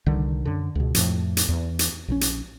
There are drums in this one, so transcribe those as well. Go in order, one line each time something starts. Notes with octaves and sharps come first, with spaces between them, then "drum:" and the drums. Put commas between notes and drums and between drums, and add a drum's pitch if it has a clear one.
C2 D3 D#3 G3
F#2 D3
C#2 B2
F2 A2 F3, drum: hi-hat
drum: hi-hat
E2
drum: hi-hat
A#1 C#3 C#4
drum: hi-hat